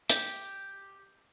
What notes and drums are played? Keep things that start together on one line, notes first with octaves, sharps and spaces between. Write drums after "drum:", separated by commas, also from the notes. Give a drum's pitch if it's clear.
G4, drum: hi-hat